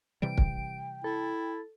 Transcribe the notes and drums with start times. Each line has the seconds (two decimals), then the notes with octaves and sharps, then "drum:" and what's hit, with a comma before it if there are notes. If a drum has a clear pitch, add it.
0.22 C3 E3 G3 G5 D7
0.38 drum: kick
1.04 E4 A4